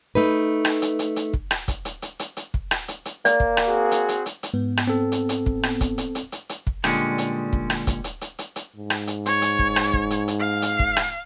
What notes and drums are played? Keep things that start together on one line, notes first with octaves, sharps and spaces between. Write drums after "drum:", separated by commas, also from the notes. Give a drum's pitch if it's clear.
A3 D#4 B4
drum: rim click
drum: hi-hat
drum: hi-hat
drum: hi-hat
drum: kick
drum: rim click
drum: kick, hi-hat
drum: hi-hat
drum: hi-hat
drum: hi-hat
drum: hi-hat
drum: kick
drum: rim click
drum: hi-hat
drum: hi-hat
A#3 D5, drum: hi-hat
drum: kick
drum: rim click
C4 F#4 G#4
drum: hi-hat
drum: hi-hat
drum: hi-hat
drum: hi-hat
G#2 B3
drum: rim click
C4 A4
drum: hi-hat
drum: hi-hat
drum: kick
drum: rim click
drum: kick, hi-hat
drum: hi-hat
drum: hi-hat
drum: hi-hat
drum: hi-hat
drum: kick
A#2 D3 G3 G#3 C#4, drum: rim click
drum: hi-hat
drum: kick
drum: rim click
drum: kick, hi-hat
drum: hi-hat
drum: hi-hat
drum: hi-hat
drum: hi-hat
G#2
drum: rim click
drum: hi-hat
C#5, drum: hi-hat
drum: hi-hat
drum: kick
drum: rim click
drum: kick
drum: hi-hat
drum: hi-hat
F5
drum: hi-hat
drum: kick
drum: rim click